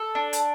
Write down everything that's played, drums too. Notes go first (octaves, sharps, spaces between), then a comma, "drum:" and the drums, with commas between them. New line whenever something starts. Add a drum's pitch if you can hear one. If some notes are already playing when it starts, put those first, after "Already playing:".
Already playing: A4
D4
drum: hi-hat